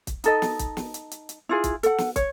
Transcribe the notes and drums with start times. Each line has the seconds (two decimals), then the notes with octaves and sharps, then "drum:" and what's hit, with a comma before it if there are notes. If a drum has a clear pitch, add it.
0.07 drum: kick, hi-hat
0.24 D#4 A4 D#5, drum: hi-hat
0.42 drum: snare
0.59 drum: kick, hi-hat
0.77 drum: snare
0.94 drum: hi-hat
1.11 drum: hi-hat
1.29 drum: hi-hat
1.49 E4 F4 G#4
1.64 drum: kick, hi-hat
1.83 A4 F#5, drum: hi-hat
1.98 drum: snare
2.16 C#5, drum: kick, hi-hat